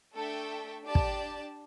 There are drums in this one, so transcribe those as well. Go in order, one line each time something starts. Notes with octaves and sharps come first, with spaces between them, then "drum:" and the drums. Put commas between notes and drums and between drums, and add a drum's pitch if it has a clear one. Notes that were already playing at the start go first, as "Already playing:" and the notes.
A3 D4 A4 E5 G5
D4 G4 D5 A5
drum: kick